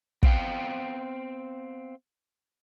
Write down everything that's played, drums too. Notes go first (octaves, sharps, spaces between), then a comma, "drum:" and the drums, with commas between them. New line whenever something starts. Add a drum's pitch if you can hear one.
B3 C4 F5 G5, drum: kick